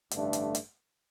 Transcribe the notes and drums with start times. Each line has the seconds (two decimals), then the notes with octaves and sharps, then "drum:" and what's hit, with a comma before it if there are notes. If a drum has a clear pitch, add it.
0.11 A1 G2 D3 A3 D4, drum: hi-hat
0.33 drum: hi-hat
0.55 drum: hi-hat